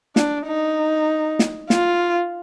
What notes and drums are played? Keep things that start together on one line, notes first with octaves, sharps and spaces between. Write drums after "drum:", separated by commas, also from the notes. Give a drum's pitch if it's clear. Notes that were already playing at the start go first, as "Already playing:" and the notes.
D4, drum: snare
D#4
drum: snare
F4, drum: snare